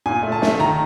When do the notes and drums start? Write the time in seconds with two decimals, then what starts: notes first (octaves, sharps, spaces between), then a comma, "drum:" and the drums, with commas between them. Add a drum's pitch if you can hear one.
0.06 A#2 G#5
0.23 A3
0.32 A5
0.42 A3, drum: snare
0.59 D#3 A#5